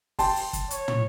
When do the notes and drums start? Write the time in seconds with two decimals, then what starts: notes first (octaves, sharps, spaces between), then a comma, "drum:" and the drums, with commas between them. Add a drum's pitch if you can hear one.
0.19 G5 A5 C6, drum: kick, open hi-hat
0.36 drum: open hi-hat
0.53 drum: kick, hi-hat
0.71 C#5, drum: hi-hat
0.88 drum: tom